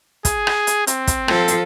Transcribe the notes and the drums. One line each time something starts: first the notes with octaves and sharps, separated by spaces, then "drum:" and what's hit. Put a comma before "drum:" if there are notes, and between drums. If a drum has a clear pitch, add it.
G#4, drum: kick, hi-hat
drum: rim click
drum: hi-hat
C4, drum: hi-hat
drum: kick, hi-hat
F3 A4, drum: rim click
drum: hi-hat